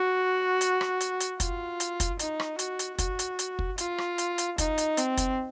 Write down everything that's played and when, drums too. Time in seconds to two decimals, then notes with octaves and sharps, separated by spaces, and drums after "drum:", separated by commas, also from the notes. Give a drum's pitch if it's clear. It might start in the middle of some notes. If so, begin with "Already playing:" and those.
Already playing: F#4
0.61 drum: hi-hat
0.81 drum: rim click
1.01 drum: hi-hat
1.20 drum: hi-hat
1.40 F4, drum: kick, hi-hat
1.80 drum: hi-hat
2.00 drum: kick, hi-hat
2.19 D#4, drum: hi-hat
2.40 drum: rim click
2.59 F#4, drum: hi-hat
2.79 drum: hi-hat
2.99 F#4, drum: kick, hi-hat
3.19 drum: hi-hat
3.39 drum: hi-hat
3.59 drum: kick
3.78 F4, drum: hi-hat
3.98 drum: rim click
4.18 drum: hi-hat
4.38 drum: hi-hat
4.58 D#4, drum: kick, hi-hat
4.78 drum: hi-hat
4.97 C4, drum: hi-hat
5.17 drum: kick, hi-hat